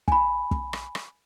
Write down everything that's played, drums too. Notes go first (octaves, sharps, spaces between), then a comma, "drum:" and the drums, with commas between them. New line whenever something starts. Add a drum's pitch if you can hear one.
G#5 B5, drum: kick
drum: kick
drum: rim click
drum: rim click